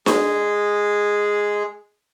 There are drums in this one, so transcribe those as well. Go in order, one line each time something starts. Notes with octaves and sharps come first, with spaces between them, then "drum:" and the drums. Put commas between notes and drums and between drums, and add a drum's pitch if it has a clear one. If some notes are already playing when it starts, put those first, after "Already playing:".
G#3 G#4, drum: snare D4